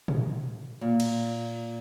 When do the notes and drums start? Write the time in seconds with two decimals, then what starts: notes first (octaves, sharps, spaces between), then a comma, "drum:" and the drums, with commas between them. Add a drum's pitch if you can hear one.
0.08 drum: tom
0.81 A#2
1.00 drum: cymbal